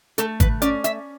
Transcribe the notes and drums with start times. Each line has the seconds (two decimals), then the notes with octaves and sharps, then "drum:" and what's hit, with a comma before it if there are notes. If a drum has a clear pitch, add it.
0.18 A3 A4, drum: hi-hat
0.40 B4, drum: kick G#1, hi-hat
0.62 C#4 D5, drum: hi-hat
0.84 E5, drum: hi-hat